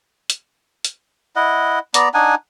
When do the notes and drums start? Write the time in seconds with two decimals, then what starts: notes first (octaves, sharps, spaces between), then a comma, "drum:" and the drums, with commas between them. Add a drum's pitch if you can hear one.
0.30 drum: hi-hat
0.85 drum: hi-hat
1.36 E4 D#5 F#5
1.94 B3 D5 A#5, drum: hi-hat
2.14 D4 D#4 F#5 G#5